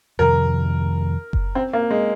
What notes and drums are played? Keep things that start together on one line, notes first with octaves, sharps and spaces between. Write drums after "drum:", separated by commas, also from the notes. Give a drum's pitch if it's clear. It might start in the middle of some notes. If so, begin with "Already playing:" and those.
F2 C3 D#3 A#4
drum: kick F#1
C4
A#3
G#3